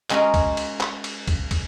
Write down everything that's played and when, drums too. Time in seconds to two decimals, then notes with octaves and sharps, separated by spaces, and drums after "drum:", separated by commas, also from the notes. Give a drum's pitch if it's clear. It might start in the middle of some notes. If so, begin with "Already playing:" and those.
0.10 G#3 C#4 F#4 G#4 A#4, drum: clap
0.34 drum: kick, cymbal
0.57 drum: cymbal
0.81 drum: clap
1.04 drum: cymbal
1.27 drum: kick, cymbal
1.51 drum: kick, cymbal